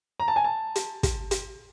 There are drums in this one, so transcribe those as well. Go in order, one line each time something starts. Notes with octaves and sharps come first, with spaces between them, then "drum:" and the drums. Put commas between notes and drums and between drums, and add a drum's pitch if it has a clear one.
A#5
A5
G#5
A5
drum: hi-hat
drum: kick, hi-hat
drum: hi-hat